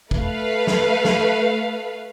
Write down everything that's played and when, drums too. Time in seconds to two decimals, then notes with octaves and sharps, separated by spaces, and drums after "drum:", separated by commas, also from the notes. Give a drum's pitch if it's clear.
0.11 A3 B4 F5, drum: kick
0.67 drum: snare
1.05 drum: snare